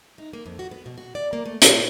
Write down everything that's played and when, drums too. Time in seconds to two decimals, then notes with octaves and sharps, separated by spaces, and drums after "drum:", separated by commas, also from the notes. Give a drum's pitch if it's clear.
0.18 D#4
0.33 A#3
0.46 F2
0.59 F#4
0.71 B3
0.86 B2
0.98 F#4
1.15 D5
1.33 A#3
1.46 A3
1.62 A#2, drum: hi-hat
1.73 A#2